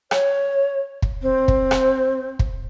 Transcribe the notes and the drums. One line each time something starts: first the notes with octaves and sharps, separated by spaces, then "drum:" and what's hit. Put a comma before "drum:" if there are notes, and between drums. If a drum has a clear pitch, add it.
C#5, drum: rim click
drum: kick
C4
drum: kick
drum: rim click
drum: kick